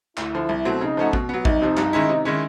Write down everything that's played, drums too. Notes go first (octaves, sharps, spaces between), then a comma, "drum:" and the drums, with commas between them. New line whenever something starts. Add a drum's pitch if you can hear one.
D2 E4, drum: clap
D3 F3
C2
B2 F#3 A3 C4
C#3 D#4
F3 A3 C#4 F#4
B2, drum: kick A1
F#3 B3
C2 D#4, drum: kick A1
C3 F3
G2, drum: clap
D#3 G#3 C#4 E4
C3
D#3 G#3 C#4 E4